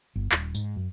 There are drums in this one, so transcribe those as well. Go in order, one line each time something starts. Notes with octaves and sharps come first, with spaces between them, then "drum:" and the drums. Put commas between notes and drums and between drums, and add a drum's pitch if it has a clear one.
G1
D#1, drum: clap
G#2, drum: tambourine
F#2